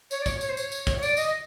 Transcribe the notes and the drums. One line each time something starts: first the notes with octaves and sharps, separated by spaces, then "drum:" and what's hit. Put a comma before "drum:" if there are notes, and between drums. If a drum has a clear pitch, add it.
C#5, drum: tambourine
D5
C#5, drum: kick, tambourine
C#5, drum: tambourine
C5
C#5, drum: tambourine
drum: tambourine
drum: kick, tambourine
C#5
D5, drum: tambourine
D#5, drum: tambourine